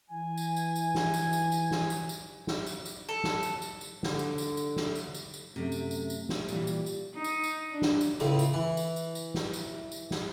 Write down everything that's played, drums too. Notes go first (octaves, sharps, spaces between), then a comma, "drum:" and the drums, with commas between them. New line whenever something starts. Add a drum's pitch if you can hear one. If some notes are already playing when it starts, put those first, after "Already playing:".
E3 G#5
drum: tambourine
drum: tambourine
drum: tambourine
drum: snare
drum: tambourine
drum: tambourine
drum: tambourine
drum: snare
drum: tambourine
drum: tambourine
drum: snare
drum: tambourine
drum: tambourine
A4
drum: snare
drum: tambourine
drum: tambourine
drum: tambourine
D3, drum: snare
drum: tambourine
drum: tambourine
drum: tambourine
drum: snare
drum: tambourine
drum: tambourine
drum: tambourine
F#2 C3 A3
drum: tambourine
drum: tambourine
drum: tambourine
drum: snare
A#2 E3 G3, drum: tambourine
drum: tambourine
drum: tambourine
D#4
drum: tambourine
drum: tambourine
D4
drum: snare
drum: tambourine
C#2 A2 C#3, drum: tambourine
drum: tambourine
E3
drum: tambourine
drum: tambourine
drum: tambourine
drum: snare
drum: tambourine
drum: tambourine
drum: snare